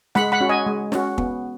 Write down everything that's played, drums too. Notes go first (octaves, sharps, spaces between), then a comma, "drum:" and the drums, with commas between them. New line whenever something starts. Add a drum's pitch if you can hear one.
G#3 F#5 B5, drum: snare
F#5 B5
C#4 F#4
D#5 G#5
G#3
C#4 F#4, drum: snare
B3, drum: kick